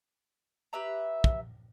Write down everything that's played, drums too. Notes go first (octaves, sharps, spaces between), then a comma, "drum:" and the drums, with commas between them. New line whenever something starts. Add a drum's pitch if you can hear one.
G4 B4 E5 A#5
drum: kick